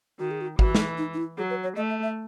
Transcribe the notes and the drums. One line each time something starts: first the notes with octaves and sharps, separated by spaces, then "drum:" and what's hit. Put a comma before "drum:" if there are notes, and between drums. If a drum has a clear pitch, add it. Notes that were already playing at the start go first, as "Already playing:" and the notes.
D#3 F#4
G#4
F#4
E3 F#4, drum: kick G#1
drum: snare
D#4
D#4
E4
F#3 G#4
B4
C#5
A3 D#5
E5
E5